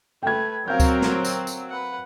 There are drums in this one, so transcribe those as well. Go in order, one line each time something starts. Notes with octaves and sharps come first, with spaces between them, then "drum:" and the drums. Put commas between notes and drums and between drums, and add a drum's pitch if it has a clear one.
A3 B4 G5 G#6
F#3 C4 A#4 F5 G6
drum: kick C#2, tambourine
drum: snare
drum: tambourine
drum: tambourine
B4 F#5